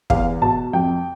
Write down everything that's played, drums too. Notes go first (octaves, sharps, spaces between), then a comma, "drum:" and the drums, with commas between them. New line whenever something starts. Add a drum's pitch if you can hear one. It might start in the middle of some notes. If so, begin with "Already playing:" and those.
E2 F5, drum: kick
B2 A5
F2 G5